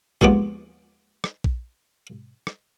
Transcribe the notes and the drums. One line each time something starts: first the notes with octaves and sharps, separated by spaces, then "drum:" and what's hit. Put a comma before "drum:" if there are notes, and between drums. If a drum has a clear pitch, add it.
D#2 F3 G#3 B3 D6, drum: kick A#1
drum: rim click
drum: kick A#1
drum: rim click